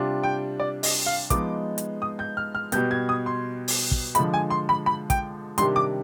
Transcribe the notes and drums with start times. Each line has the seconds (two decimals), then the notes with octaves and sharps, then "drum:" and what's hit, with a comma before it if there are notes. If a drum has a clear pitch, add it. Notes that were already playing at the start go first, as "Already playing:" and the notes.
Already playing: C3 G3 D4 F4
0.23 G5
0.60 D5
0.83 D#5, drum: open hi-hat
1.06 F5
1.30 F3 G#3 B3 D#4 D6, drum: kick, hi-hat
1.78 drum: hi-hat
2.02 D#6
2.19 G6
2.37 F6
2.55 F6
2.72 B2 G3 B3 G6, drum: hi-hat
2.91 G#6
3.09 D#6
3.26 C6
3.68 drum: open hi-hat
3.91 drum: kick
4.15 D3 F3 G#3 B5, drum: hi-hat
4.34 G#5
4.50 C6
4.69 B5
4.86 B5
5.10 G5, drum: kick, hi-hat
5.58 C3 D#3 G3 D4 C6, drum: hi-hat
5.76 D6